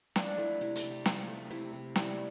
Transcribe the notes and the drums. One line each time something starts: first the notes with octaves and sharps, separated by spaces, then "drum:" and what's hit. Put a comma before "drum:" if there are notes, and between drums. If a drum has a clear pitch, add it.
F3 D4, drum: snare
A3 E4
C3 E4
A4, drum: hi-hat
C3
G4
F3 F4, drum: snare
A3
C3 E4
C3
G3 E4, drum: snare